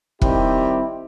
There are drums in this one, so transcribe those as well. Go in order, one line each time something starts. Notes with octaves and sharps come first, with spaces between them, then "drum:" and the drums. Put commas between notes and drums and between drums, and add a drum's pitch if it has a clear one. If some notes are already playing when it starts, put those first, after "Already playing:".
D#3 G3 C4 E4 G4, drum: kick F1